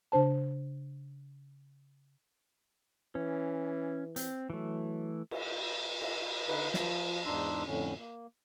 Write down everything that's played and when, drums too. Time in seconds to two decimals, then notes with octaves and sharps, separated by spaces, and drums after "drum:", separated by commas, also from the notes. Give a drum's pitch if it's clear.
0.12 C#3 D4 C5 A5
3.15 E3 C#4
4.16 C4, drum: hi-hat
4.50 E3 F#3 A3
5.31 drum: cymbal
6.01 drum: cymbal
6.48 D3 D#4 B4, drum: cymbal
6.74 F3, drum: snare
7.26 E2 G#2 D4 D#4 C6 E6
7.66 F2 A2 D3 C#4
7.98 A#3